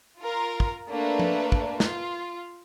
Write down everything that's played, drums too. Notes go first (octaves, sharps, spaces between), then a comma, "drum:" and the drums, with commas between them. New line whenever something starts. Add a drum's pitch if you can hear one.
F4 A#4
drum: kick
A3 A#3 D4 B4
drum: tom F3
drum: kick
F4, drum: snare